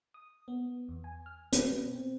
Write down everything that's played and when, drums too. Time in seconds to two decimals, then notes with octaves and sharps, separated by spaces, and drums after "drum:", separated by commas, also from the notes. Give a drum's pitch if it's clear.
0.14 D#6
0.48 B3
0.89 E2
1.04 G#5
1.26 F6
1.53 B4, drum: hi-hat
1.75 B2
1.93 C4